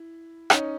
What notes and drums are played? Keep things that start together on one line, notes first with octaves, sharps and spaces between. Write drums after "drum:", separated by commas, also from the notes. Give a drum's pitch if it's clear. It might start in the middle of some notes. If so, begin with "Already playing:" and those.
Already playing: E4
C#4 D#4, drum: rim click